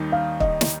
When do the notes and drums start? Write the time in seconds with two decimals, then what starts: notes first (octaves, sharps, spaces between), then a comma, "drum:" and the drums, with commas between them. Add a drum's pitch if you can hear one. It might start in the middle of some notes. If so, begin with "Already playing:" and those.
Already playing: D#2 D#3 G3 D#4
0.12 F5
0.40 D#5, drum: kick
0.61 drum: snare